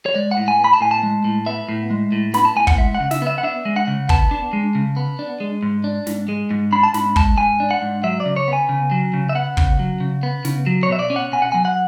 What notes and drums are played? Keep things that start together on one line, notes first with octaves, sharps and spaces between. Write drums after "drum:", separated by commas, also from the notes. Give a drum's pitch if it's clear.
C#5
G#3 D5
F#5
A2
G#5
B3
B5
A5
A2 G#5
A5
G#3
A2
B3 E5
A2
G#3
A2
B3 B5, drum: snare
A5
A2 G#5
F#5, drum: kick
G#3 E5
F#5
C#3
E5, drum: snare
B3 E5
F#5
D4 E5
G#3
F#5
C#3
B3 A5, drum: kick
D4
G#3
C#3
B3
D4
G#3
G#2
D4
G#2, drum: snare
G#3
G#2
D4 B5
A5
G#2 B5, drum: snare
G#3 A5, drum: kick
G#2 G#5
D4
F#5
G#2
F#3 E5
D5
C#3
C#5
B3
G#5
C#3
F#3
C#3
E5
B3 F#5
C#3, drum: kick
F#3
C#3
B3
C#3, drum: snare
F#3
C#5
B2 E5
D5
C#4
F#5
B2 G#5
F#5
F#3 G#5
F#5